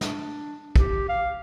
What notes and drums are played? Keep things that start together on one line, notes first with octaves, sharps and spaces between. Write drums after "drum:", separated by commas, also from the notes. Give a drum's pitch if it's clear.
D4, drum: snare
G4, drum: kick
F5